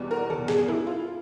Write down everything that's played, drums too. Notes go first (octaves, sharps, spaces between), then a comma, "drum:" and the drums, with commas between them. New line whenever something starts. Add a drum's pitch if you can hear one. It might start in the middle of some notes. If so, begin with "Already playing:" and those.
Already playing: E2 B2 G3
A#4
A4, drum: tom
G#4, drum: snare
E4, drum: tom
F4